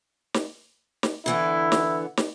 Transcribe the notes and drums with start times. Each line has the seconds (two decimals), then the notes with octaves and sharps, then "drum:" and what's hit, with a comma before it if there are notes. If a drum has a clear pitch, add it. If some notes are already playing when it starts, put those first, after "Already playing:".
0.34 drum: snare
1.03 drum: snare
1.26 D3 E3 B3 E4
1.72 drum: snare
2.17 drum: snare